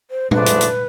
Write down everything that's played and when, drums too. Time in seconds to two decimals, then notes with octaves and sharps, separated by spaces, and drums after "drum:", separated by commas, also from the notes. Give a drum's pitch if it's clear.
0.11 C5
0.31 G#2 F3 A3 D4 B4, drum: tom
0.46 drum: hi-hat
0.61 drum: hi-hat